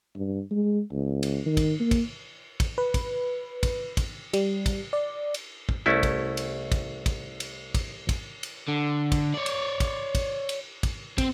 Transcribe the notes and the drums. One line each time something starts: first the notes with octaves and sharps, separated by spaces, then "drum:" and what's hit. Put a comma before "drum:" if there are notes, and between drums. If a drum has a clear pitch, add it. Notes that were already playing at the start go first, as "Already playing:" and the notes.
G2
G#3
C#2
drum: cymbal
D#3
drum: kick, cymbal
A#3
drum: kick, cymbal
drum: kick, cymbal
B4
drum: kick, cymbal
drum: kick, cymbal
drum: kick, cymbal
G3, drum: cymbal
drum: kick, cymbal
D5
drum: cymbal
drum: kick
C2 A3 C#4 E4
drum: kick, cymbal
drum: cymbal
drum: kick, cymbal
drum: kick, cymbal
drum: cymbal
drum: kick, cymbal
drum: kick, cymbal
drum: cymbal
D3
drum: kick, cymbal
C#5 D5
drum: cymbal
drum: kick, cymbal
drum: kick, cymbal
drum: cymbal
drum: kick, cymbal
C4, drum: kick, cymbal